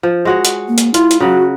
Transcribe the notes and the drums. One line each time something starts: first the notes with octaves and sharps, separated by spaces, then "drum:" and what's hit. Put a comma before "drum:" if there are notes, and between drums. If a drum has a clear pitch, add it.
F3
G#3 F#4 C#5
drum: hi-hat
A#3
drum: hi-hat
E4 F4, drum: hi-hat
drum: hi-hat
C#3 F#3 F#4